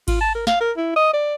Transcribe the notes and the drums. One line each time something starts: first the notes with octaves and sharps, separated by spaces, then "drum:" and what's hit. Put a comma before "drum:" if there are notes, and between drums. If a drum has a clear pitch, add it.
F4, drum: kick G#1, cymbal
A5
A#4
F5, drum: snare
A#4
E4
D#5
D5